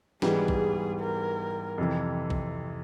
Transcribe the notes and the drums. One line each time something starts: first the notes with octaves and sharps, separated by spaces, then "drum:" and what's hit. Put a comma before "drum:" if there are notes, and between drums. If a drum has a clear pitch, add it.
G#2 E3 G3 B3 G#4, drum: snare
drum: kick A#1
A#4
F2 C3 E3
drum: kick A#1